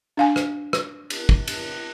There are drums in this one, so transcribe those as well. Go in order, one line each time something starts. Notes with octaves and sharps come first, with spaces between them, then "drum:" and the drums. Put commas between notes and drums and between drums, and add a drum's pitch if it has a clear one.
D4 F5 G#5
drum: rim click
drum: rim click
drum: cymbal
drum: kick
drum: cymbal